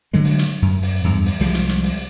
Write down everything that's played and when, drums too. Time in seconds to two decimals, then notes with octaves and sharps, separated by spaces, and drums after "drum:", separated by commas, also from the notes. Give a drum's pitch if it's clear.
0.13 D3 F#3 G#3
0.25 drum: open hi-hat
0.39 drum: hi-hat
0.62 F#2
0.82 drum: open hi-hat
1.04 E2 G2
1.26 drum: open hi-hat
1.40 C2 F3 G3 G#3, drum: open hi-hat
1.55 drum: hi-hat
1.69 drum: hi-hat
1.83 drum: open hi-hat